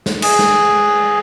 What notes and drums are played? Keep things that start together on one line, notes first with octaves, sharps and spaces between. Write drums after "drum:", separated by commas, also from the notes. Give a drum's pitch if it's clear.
drum: snare
G#4, drum: cymbal
drum: snare